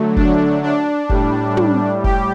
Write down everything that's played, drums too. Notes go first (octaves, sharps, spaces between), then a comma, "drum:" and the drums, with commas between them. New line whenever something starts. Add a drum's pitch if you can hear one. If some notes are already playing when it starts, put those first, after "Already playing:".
Already playing: D3 F#3 A3
D4, drum: kick F1
D4
A2 G3, drum: kick F1
drum: tom
G4, drum: kick F1